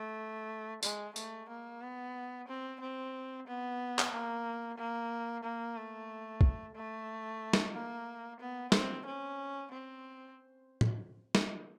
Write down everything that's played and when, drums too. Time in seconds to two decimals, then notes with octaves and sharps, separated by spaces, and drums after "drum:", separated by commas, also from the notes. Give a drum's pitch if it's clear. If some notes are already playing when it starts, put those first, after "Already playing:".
Already playing: A3
0.83 G#3, drum: tambourine
1.16 A3, drum: tambourine
1.49 A#3
1.82 B3
2.48 C4
2.80 C4
3.47 B3
3.99 drum: clap
4.12 A#3
4.77 A#3
5.43 A#3
5.76 A3
6.41 drum: kick
6.75 A3
7.53 drum: snare
7.73 A#3
8.40 B3
8.72 C4, drum: snare
9.06 C#4
9.71 C4
10.81 drum: tom A2
11.35 drum: snare